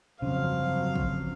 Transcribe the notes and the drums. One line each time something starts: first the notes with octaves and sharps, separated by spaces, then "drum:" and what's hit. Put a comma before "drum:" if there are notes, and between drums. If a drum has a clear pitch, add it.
G1 F2 C#3 F3 F#3 C5 F5
drum: kick